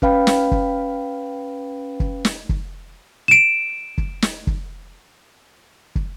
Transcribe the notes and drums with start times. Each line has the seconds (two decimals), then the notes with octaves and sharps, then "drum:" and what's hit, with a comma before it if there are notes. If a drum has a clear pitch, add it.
0.02 C#4 B4 F5 G5 B5, drum: kick
0.27 drum: snare
0.52 drum: kick
2.00 drum: kick
2.25 drum: snare
2.49 drum: kick
3.28 D7 E7
3.98 drum: kick
4.22 drum: snare
4.47 drum: kick
5.95 drum: kick